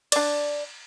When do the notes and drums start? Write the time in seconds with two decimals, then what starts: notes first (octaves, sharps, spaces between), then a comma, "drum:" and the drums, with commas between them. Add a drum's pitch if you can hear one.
0.12 D4 D5, drum: cymbal